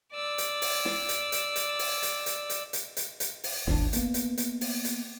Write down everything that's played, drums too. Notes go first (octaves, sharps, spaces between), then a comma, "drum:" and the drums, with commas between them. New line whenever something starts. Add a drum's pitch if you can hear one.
D5 E6
drum: hi-hat
drum: open hi-hat
drum: snare
drum: hi-hat
drum: hi-hat
drum: hi-hat
drum: open hi-hat
drum: hi-hat
drum: hi-hat
drum: hi-hat
drum: hi-hat
drum: hi-hat
drum: hi-hat
drum: open hi-hat
D#1 G#1 D4, drum: snare
A#3 B3, drum: hi-hat
drum: hi-hat
drum: hi-hat
drum: open hi-hat
drum: hi-hat